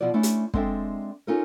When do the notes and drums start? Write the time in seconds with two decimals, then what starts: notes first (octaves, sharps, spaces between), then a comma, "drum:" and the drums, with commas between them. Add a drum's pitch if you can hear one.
0.01 B2 F3 E4 F#4 D5
0.14 A3 C#4 D4 E4
0.23 drum: hi-hat
0.54 G#3 C4 D4 A4 E5 G5, drum: kick
1.27 C#4 D#4 F4 A4 A#4